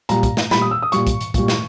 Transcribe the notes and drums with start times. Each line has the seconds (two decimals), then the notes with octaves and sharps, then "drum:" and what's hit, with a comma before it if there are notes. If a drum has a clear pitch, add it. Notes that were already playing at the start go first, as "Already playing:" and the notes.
0.09 A#2 G3 A#5, drum: hi-hat
0.23 drum: kick, hi-hat
0.37 drum: snare
0.51 A#2 G3 B5, drum: snare
0.61 D#6
0.71 E6
0.82 D#6
0.92 A#2 G3 C#6, drum: hi-hat
1.07 drum: kick, hi-hat
1.21 drum: hi-hat
1.34 A#2 G3, drum: kick, hi-hat
1.48 drum: snare